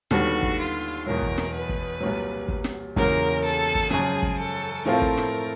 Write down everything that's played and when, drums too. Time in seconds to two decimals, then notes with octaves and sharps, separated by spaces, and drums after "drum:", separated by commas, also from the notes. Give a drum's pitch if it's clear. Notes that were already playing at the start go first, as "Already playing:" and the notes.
0.11 D#2 D3 G3 B3 F#4, drum: snare
0.43 drum: kick
0.59 F4
1.06 E2 B2 F#3 A#4
1.22 drum: kick
1.38 drum: snare
1.54 B4
1.69 drum: kick
2.00 C2 A#2 F#3
2.48 drum: kick
2.64 drum: snare
2.96 E2 C#3 F#3 A#3 C#4 A#4, drum: kick
3.44 A4
3.75 drum: kick
3.90 F#2 C#3 F3 G#4, drum: snare
4.23 drum: kick
4.38 A4
4.85 A2 F3 A3 C4 F4 A#4
5.02 drum: kick
5.17 drum: snare